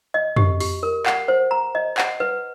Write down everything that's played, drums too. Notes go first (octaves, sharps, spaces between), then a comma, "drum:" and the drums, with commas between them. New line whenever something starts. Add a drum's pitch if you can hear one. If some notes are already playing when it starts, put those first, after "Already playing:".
D#5
G4, drum: tom
G4, drum: open hi-hat
A#4
F#5, drum: clap
C5
A#5
D#5
F#5, drum: clap
B4